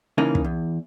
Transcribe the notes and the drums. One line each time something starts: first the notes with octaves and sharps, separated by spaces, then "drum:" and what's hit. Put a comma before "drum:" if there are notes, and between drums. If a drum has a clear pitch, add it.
C#3 E3 A#3 C#4 D#4
drum: kick
E2